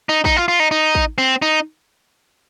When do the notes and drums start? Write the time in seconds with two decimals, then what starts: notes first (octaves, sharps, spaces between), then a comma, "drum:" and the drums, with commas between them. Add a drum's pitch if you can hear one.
0.09 D#4
0.25 D#4, drum: kick
0.37 F4
0.48 F4
0.60 D#4
0.71 D#4
0.95 drum: kick
1.18 C4
1.42 D#4